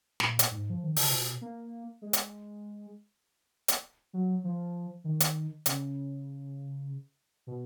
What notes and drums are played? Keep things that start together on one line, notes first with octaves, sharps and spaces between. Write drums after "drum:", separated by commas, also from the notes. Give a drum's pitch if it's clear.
A#2, drum: snare
drum: hi-hat
G#2
F3
D#3
C#3, drum: open hi-hat
B2
A#3
G#3
drum: hi-hat
drum: hi-hat
F#3
F3
D#3
drum: hi-hat
C#3, drum: hi-hat
B2